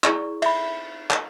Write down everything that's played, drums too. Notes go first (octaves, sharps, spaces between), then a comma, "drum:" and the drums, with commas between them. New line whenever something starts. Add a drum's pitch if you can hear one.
E4 G#4 D5 C#6, drum: clap
E5 B5, drum: cymbal
drum: clap